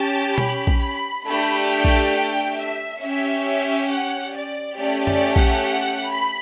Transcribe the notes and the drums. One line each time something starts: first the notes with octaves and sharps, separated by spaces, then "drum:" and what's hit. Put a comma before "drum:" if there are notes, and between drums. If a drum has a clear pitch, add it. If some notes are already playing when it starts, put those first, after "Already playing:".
Already playing: C#4 G4 A5
B5, drum: tom B2
drum: kick A#1
B5
A3 D4 G4 B5
G5
drum: kick A#1
G5
E5
C#4 G4 E5
F#5
D5
A3 C#4 G4 D5
D5, drum: tom F#2
F#5, drum: kick A#1
F#5
B5